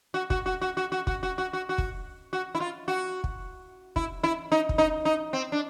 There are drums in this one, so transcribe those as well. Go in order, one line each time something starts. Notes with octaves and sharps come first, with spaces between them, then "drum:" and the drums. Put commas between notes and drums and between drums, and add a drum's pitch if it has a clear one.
F#4
F#4, drum: kick
F#4
F#4
F#4
F#4
F#4, drum: kick
F#4
F#4
F#4
F#4
drum: kick
F#4
E4
F4
F#4
drum: kick
E4, drum: kick
E4
D#4
drum: kick
D#4
D#4
C4
D4